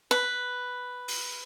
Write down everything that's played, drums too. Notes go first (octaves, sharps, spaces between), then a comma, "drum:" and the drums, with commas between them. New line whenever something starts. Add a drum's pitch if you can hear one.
B4
drum: open hi-hat